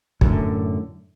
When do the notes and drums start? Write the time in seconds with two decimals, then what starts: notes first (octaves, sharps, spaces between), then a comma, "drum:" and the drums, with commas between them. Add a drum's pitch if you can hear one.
0.21 F#2 A2 D3, drum: kick